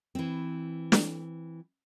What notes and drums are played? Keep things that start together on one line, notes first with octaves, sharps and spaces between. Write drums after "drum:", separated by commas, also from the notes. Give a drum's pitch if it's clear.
E3 C4
drum: snare